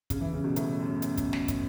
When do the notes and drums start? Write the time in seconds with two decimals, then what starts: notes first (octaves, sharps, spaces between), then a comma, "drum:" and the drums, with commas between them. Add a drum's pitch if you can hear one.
0.10 C#3, drum: kick, hi-hat
0.21 E3
0.33 C#3
0.44 B2
0.56 A2, drum: hi-hat
0.79 F#2
1.02 drum: hi-hat
1.17 drum: kick, hi-hat
1.33 drum: snare
1.48 drum: kick, hi-hat